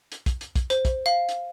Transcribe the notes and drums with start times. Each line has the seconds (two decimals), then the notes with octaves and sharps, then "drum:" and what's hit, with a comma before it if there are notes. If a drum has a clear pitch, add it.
0.12 drum: hi-hat
0.26 drum: kick, hi-hat
0.41 drum: hi-hat
0.56 drum: kick, hi-hat
0.70 C5, drum: hi-hat
0.85 drum: kick, hi-hat
1.06 F5
1.29 drum: hi-hat